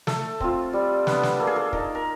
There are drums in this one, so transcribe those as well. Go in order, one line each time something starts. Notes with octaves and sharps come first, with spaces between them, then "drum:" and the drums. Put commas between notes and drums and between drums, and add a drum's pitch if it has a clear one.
A3 A4, drum: snare
C4 F4, drum: kick
G3
B3 D4, drum: snare
drum: snare
A#3 A4
G#4
A4
D#4 A#4, drum: kick
A#4